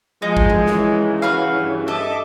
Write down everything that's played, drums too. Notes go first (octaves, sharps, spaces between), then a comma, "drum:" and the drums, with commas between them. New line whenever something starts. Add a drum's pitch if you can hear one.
F3 G#3 D#4
drum: kick G#1
drum: tom E3
C#3 E3, drum: snare
F#4 B4 F5
G2
A4 D#5 E5 D6